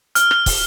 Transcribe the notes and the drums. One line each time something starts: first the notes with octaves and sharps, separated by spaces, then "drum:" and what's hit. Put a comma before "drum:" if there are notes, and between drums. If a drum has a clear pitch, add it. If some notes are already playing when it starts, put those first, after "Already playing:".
F6, drum: hi-hat
drum: rim click
drum: kick, open hi-hat